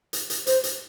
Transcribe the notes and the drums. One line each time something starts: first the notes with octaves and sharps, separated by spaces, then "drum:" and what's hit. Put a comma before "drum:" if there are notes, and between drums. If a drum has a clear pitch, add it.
drum: hi-hat
drum: hi-hat
C5, drum: hi-hat
drum: hi-hat